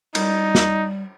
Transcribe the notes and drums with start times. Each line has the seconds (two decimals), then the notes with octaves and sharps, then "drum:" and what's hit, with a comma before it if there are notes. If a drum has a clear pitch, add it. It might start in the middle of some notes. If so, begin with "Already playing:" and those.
0.15 G3 D#4, drum: cymbal
0.55 drum: snare